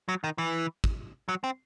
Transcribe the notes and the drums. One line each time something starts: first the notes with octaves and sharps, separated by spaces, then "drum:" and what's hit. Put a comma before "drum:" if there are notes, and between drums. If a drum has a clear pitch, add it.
F#3
D#3
E3
drum: kick
F#3
C4